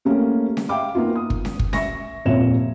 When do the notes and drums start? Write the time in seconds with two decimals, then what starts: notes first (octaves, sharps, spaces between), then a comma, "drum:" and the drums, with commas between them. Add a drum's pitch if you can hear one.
0.05 G3 A3 A#3 C#4
0.57 drum: snare C#4
0.69 E5 F5 G5 D6
0.95 A#3 B3 D#4 F4
1.15 D#6
1.30 drum: kick
1.45 drum: snare C#4
1.59 drum: kick
1.73 E5 C#6 A#6, drum: snare C#4
2.25 D#1 F2 A#2 C#5 E5 E7